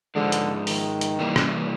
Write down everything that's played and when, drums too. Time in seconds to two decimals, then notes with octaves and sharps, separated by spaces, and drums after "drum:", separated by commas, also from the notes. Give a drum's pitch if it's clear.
0.15 G#2 D3 F3 G#3
0.32 drum: hi-hat
0.67 D#3, drum: open hi-hat
1.01 drum: hi-hat
1.19 C3 E3 G3 A#3
1.36 drum: rim click